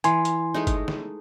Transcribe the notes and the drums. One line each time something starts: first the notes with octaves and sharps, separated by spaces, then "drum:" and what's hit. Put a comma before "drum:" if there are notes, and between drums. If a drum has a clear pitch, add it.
E3 G#5 C6, drum: hi-hat
drum: hi-hat
G#3 A3 D#4
drum: kick, hi-hat
drum: snare